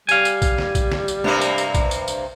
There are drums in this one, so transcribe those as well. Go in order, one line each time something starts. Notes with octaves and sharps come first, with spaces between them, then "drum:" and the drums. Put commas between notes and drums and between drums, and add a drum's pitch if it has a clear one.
G3 F5 G#5, drum: tambourine
drum: tambourine
drum: kick A#1, tambourine
drum: snare
drum: kick A#1, tambourine
drum: snare
drum: tambourine
G2 C3 A#3, drum: tom
drum: tambourine
drum: tambourine
drum: kick A#1, tambourine
drum: tambourine
drum: tambourine